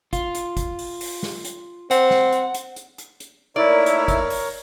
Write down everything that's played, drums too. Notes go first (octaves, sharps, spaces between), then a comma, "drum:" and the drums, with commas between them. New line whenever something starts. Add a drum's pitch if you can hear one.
F4, drum: kick G#1, hi-hat
drum: hi-hat
drum: kick G#1, hi-hat
drum: open hi-hat
drum: open hi-hat
drum: snare
drum: hi-hat
C4 F#5, drum: hi-hat
drum: snare
drum: hi-hat
drum: hi-hat
drum: hi-hat
drum: hi-hat
drum: hi-hat
A3 A#3 D#4 E4 A#4 C#5 D5
drum: hi-hat
drum: kick G#1, hi-hat
drum: open hi-hat